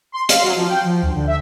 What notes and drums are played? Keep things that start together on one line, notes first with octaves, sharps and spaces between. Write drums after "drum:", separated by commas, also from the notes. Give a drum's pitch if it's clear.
C6
F5, drum: hi-hat
F#3
F3
G5
F3
D2
D3
E5